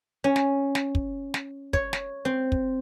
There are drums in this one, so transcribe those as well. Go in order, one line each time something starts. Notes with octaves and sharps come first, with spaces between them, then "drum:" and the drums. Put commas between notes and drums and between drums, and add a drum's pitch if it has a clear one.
C#4
drum: snare
drum: snare
drum: kick
drum: snare
C#5, drum: kick
drum: snare
C4
drum: kick